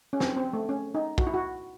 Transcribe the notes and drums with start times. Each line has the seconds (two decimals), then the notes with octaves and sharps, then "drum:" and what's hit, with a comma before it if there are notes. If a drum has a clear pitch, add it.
0.13 C#4
0.20 C4, drum: snare
0.36 C4
0.53 A3
0.69 C#4
0.95 D#4
1.18 F#4, drum: kick
1.27 E4
1.34 F#4